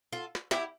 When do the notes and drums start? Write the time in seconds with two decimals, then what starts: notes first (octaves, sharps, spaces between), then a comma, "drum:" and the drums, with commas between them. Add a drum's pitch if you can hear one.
0.13 F4 A4
0.35 drum: snare
0.51 E4 G4, drum: snare